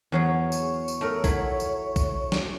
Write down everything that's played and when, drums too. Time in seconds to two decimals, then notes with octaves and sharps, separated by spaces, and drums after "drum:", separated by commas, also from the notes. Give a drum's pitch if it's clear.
0.12 E2 F#3 G#4 C#5
0.52 drum: tambourine
0.88 drum: tambourine
1.01 A3 A#4
1.24 F#3 E4, drum: kick, tambourine
1.60 drum: tambourine
1.96 drum: kick, tambourine
2.32 drum: snare